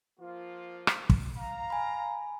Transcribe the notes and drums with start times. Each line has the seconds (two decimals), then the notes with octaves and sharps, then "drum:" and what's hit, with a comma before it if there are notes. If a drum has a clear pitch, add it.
0.20 F3 A#3 F4
0.87 drum: rim click
1.10 drum: kick
1.37 F5 A#5
1.70 G#5 B5